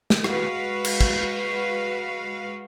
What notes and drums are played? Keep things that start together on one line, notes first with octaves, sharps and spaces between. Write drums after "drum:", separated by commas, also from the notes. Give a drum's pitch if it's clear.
drum: snare
G#3 F#4 B4 F5, drum: rim click
drum: cymbal
drum: kick